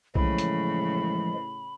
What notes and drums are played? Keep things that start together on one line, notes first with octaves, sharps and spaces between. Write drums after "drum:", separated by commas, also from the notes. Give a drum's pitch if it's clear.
A2 C#3 E3 F3 G#3 B5, drum: kick B1
drum: hi-hat